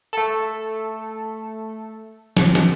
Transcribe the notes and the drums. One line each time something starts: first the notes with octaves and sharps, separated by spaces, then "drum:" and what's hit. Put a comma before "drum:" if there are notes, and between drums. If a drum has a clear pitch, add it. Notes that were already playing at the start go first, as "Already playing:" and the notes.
A3 A4
drum: snare
drum: snare